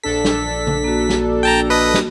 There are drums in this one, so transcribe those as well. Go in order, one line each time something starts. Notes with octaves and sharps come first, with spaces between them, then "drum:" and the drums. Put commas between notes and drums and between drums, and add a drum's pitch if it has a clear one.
A#1 D4 A4 B6
drum: snare
drum: tom C#3
A#3 F#4
drum: snare
G5 A5 A#5
B4 D#5 D#6
drum: snare